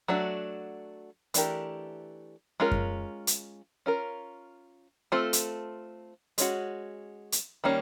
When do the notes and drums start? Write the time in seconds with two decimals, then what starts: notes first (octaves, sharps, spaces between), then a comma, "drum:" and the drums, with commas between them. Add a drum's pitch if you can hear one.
0.08 F#3 A3 D4 F#4
1.34 E3 A3 D4 G4 A#4, drum: hi-hat
2.60 G#3 C#4 F4 A#4
2.71 drum: kick F#2
3.27 drum: hi-hat
3.86 C#4 F4 A#4
5.12 A3 C4 F4 A4
5.33 drum: hi-hat
6.38 G#3 C#4 F#4, drum: hi-hat
7.32 drum: hi-hat
7.64 D#3 G3 A#3 C#4